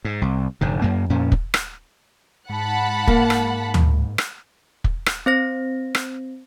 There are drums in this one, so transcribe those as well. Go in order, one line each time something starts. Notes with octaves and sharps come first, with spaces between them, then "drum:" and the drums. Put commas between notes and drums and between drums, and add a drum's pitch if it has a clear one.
G#2
C2
F1 G#2 D3
F#2 A#3
F2 A#2 C#4
drum: kick
drum: rim click
G#2 F#5 A5 B5
A#3, drum: kick
drum: rim click
drum: tom
drum: rim click
drum: kick
drum: rim click
C4 C5 A#6
drum: rim click